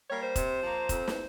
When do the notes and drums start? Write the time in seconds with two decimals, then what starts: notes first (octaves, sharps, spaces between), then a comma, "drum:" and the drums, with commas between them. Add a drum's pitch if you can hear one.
0.09 G3 A#3 C#5
0.22 C5
0.36 C3, drum: kick F1, hi-hat
0.63 F3 A#3
0.89 F2, drum: kick F1, hi-hat
1.08 drum: snare